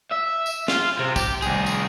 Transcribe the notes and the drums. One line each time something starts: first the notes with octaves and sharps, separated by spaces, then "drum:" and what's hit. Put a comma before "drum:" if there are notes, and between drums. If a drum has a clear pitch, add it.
E5
drum: tambourine
F4, drum: snare
C3
G4, drum: kick, tambourine
C2 G#4, drum: tambourine
drum: tambourine